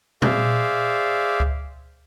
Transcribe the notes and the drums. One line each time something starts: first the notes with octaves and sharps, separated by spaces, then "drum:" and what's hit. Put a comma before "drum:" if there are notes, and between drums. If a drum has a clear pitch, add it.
G#4 C5 D5 E5 F5, drum: tom A#2
drum: kick C#2